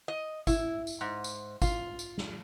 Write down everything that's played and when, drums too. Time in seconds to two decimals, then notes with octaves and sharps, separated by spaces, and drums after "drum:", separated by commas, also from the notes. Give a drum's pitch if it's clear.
0.08 D#5
0.47 E4, drum: kick, tambourine
0.87 drum: tambourine
1.01 G#2
1.24 drum: tambourine
1.62 F4, drum: kick, tambourine
1.99 drum: tambourine
2.18 drum: snare